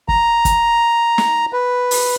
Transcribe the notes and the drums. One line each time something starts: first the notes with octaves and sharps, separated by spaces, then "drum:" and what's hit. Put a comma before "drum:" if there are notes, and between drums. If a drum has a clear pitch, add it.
A#5, drum: kick
drum: kick, hi-hat
drum: snare
B4
drum: open hi-hat